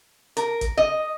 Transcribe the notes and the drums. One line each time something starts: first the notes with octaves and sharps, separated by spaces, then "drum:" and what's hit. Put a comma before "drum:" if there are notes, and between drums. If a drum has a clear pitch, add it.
A#4, drum: hi-hat
drum: kick G1, hi-hat
D#5